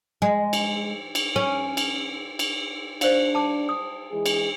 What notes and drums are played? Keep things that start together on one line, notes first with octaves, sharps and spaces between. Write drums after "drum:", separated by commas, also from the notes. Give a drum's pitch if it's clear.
G#3
drum: cymbal
drum: cymbal
C#4
drum: cymbal
drum: cymbal
D4 C5 D5 F5, drum: cymbal
A5 D6
D#6
E3 G#3 G#4
drum: cymbal